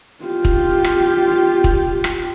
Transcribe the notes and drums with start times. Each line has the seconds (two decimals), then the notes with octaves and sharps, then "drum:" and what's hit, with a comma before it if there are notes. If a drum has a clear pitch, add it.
0.25 F4 G4
0.45 drum: kick
0.84 drum: rim click
1.64 drum: kick
2.04 drum: rim click